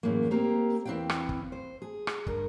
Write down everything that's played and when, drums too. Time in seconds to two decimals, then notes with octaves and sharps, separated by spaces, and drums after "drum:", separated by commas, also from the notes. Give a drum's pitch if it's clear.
0.03 F#2 A2 E3 G#3 A#3
0.31 A#3 C4 G4 A#4
0.86 E2 C4 E4 B4 F5 G5
1.10 drum: rim click
1.29 drum: kick
1.52 C5
1.82 G#4
2.07 drum: rim click
2.27 G2 A#4, drum: kick